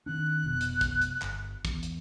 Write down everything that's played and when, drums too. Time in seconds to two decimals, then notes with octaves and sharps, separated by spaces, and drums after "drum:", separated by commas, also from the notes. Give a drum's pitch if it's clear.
0.06 D#3 C4 D4 F#6
0.44 F1 B2
0.61 drum: hi-hat
0.81 drum: kick, hi-hat
1.01 drum: hi-hat
1.22 G1, drum: clap
1.65 E2, drum: kick, hi-hat
1.83 drum: hi-hat